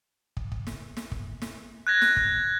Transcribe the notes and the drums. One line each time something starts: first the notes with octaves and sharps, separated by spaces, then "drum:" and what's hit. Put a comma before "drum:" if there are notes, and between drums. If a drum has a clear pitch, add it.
drum: kick
drum: kick
drum: snare
drum: snare
drum: kick
drum: snare
F#6 G#6 A#6
drum: snare
drum: kick